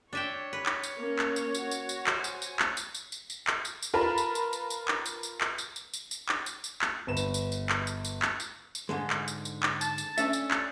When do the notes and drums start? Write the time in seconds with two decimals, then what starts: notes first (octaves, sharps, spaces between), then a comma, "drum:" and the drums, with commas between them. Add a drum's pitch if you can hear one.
0.13 D4 C#5 E5 G5
0.53 B4
0.66 drum: clap
0.83 drum: tambourine
0.96 A#3 C#4
1.19 drum: clap
1.36 drum: tambourine
1.55 F#4, drum: tambourine
1.71 drum: tambourine
1.89 drum: tambourine
2.07 C5 G#5, drum: clap
2.24 drum: tambourine
2.42 drum: tambourine
2.59 drum: clap
2.77 drum: tambourine
2.95 drum: tambourine
3.12 drum: tambourine
3.30 drum: tambourine
3.47 drum: clap
3.65 drum: tambourine
3.82 drum: tambourine
3.94 F4 A#4 B4 A5 B5
4.18 drum: tambourine
4.35 drum: tambourine
4.53 drum: tambourine
4.70 drum: tambourine
4.88 drum: clap
5.06 drum: tambourine
5.23 drum: tambourine
5.41 drum: clap
5.58 drum: tambourine
5.76 drum: tambourine
5.94 drum: tambourine
6.11 drum: tambourine
6.29 drum: clap
6.46 drum: tambourine
6.64 drum: tambourine
6.81 drum: clap
7.07 G1 B4 E7
7.17 drum: tambourine
7.34 drum: tambourine
7.52 drum: tambourine
7.69 drum: clap
7.87 drum: tambourine
8.05 drum: tambourine
8.22 drum: clap
8.40 drum: tambourine
8.75 drum: tambourine
8.89 G#2 D3 G#3
9.10 drum: clap
9.28 drum: tambourine
9.45 drum: tambourine
9.63 drum: clap
9.81 A5, drum: tambourine
9.98 drum: tambourine
10.18 C#4 D4 A4 E5, drum: tambourine
10.33 drum: tambourine
10.51 drum: clap